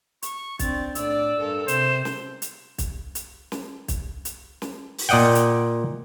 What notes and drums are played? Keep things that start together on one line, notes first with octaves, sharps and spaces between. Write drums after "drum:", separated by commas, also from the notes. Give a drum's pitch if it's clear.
C#6, drum: hi-hat
C4 D4 A6, drum: kick, hi-hat
A2 D4 D5 E6, drum: hi-hat
G2 A4 A#4
C3 C5 E7, drum: hi-hat
drum: snare
drum: hi-hat
drum: kick, hi-hat
drum: hi-hat
drum: snare
drum: kick, hi-hat
drum: hi-hat
drum: snare
drum: open hi-hat
A#2 D5 D#5 F#5 G5
drum: hi-hat